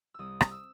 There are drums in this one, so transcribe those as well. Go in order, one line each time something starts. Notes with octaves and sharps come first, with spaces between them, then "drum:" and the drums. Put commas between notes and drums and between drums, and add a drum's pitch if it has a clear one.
C2 D#6 E6
drum: rim click
E6